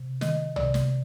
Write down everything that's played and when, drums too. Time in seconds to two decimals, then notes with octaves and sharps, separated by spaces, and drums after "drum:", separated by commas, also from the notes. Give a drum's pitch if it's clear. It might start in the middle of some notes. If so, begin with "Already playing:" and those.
Already playing: C3
0.21 D#3 D#5, drum: snare
0.56 C3 D5, drum: tom
0.74 drum: snare